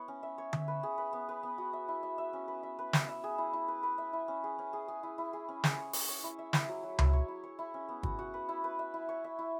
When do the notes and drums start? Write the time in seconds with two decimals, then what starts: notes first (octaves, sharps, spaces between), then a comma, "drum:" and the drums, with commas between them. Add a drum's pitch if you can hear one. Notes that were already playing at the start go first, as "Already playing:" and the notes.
Already playing: B3 E4 C#5
0.08 C#4
0.23 E5
0.38 C#5
0.53 E5, drum: tom D3
0.68 B4
0.83 G#4
0.98 B4
1.13 B3
1.29 B4
1.43 B3
1.58 F#4
1.73 E5
1.88 E4
2.03 E5
2.18 E5
2.33 C#4
2.48 B4
2.63 E5
2.79 B4
2.93 B4, drum: snare
3.08 E5
3.24 G#4
3.38 E4
3.53 E4
3.68 B4
3.83 B4
3.98 E5
4.13 E4
4.28 C#4
4.44 G#4
4.59 C#4
4.73 G#4
4.88 G#4
5.03 E4
5.18 E4
5.33 G#4
5.49 C#4
5.64 G#4, drum: snare
5.78 C#5
5.93 C#5, drum: open hi-hat
6.08 C#5
6.24 E4
6.39 E5
6.53 E4, drum: snare
6.68 F#3
6.83 F#3
6.99 E4, drum: tom C#2
7.13 C#5
7.28 E4
7.44 C#5
7.59 E4
7.74 C#4
7.89 B3
8.03 F#4, drum: kick
8.19 F#4
8.34 B4
8.49 E4
8.64 B4
8.79 E5
8.94 E4
9.09 C#5
9.24 E5
9.39 E4